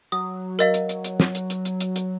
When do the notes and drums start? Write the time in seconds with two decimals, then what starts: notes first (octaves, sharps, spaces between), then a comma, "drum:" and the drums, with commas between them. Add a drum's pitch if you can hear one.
0.12 F#3 D#6
0.59 A#4 D#5 F5, drum: hi-hat
0.74 drum: hi-hat
0.89 drum: hi-hat
1.04 drum: hi-hat
1.20 drum: snare
1.35 drum: hi-hat
1.50 drum: hi-hat
1.65 drum: hi-hat
1.80 drum: hi-hat
1.96 drum: hi-hat